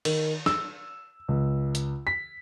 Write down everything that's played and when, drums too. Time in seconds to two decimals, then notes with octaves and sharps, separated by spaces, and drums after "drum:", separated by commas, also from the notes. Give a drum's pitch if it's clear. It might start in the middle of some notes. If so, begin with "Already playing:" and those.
0.05 D#3, drum: cymbal
0.46 E6, drum: snare
1.28 C#2
1.75 drum: hi-hat
2.07 B6